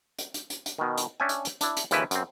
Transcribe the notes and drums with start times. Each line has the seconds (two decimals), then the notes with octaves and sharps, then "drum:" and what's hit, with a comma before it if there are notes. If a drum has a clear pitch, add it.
0.19 drum: hi-hat
0.34 drum: hi-hat
0.50 drum: hi-hat
0.66 drum: hi-hat
0.78 B2 D#3
0.98 drum: hi-hat
1.20 C#4 D4 E5 G5 G#5
1.29 drum: hi-hat
1.45 drum: hi-hat
1.61 D4 E4, drum: hi-hat
1.77 drum: hi-hat
1.91 D#2 C#3 E3 F3 E4 B4, drum: hi-hat
2.11 F#2 C4, drum: hi-hat